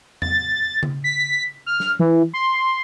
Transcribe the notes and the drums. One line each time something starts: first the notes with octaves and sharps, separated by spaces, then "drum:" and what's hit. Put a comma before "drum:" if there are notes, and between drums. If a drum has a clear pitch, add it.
A6, drum: tom E2
drum: tom C#3
B6
F6
drum: snare
E3
C6